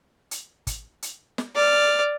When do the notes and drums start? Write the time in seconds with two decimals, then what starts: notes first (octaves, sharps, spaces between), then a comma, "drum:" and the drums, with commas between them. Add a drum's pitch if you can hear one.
0.31 drum: hi-hat
0.67 drum: kick, hi-hat
1.02 drum: hi-hat
1.38 drum: snare
1.56 D5 F6